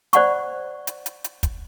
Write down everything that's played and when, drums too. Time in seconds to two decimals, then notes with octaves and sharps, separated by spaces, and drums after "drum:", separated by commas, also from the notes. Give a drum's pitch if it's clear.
0.13 C5 D5 F#5 B5 C#6, drum: hi-hat
0.87 drum: hi-hat
1.06 drum: hi-hat
1.24 drum: hi-hat
1.43 drum: kick, hi-hat